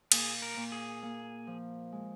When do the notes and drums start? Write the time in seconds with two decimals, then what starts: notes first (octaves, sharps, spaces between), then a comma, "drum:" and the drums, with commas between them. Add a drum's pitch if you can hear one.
0.12 A#2 G#4, drum: cymbal
0.42 A#4
0.57 A#2
0.72 G#4
1.02 A#3
1.47 F3
1.92 G#3